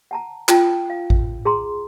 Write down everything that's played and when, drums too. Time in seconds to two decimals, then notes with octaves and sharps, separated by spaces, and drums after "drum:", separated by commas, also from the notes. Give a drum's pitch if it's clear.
0.11 F#5 A5 A#5
0.48 F4 G5 A5, drum: clap
0.90 F5
1.10 drum: kick A1
1.45 G#4 A#5 C6